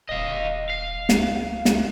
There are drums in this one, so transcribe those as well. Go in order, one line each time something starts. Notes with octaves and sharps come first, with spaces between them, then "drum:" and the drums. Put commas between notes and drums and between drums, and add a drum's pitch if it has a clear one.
D#1 D#5 F5
F5
C#2, drum: snare
drum: snare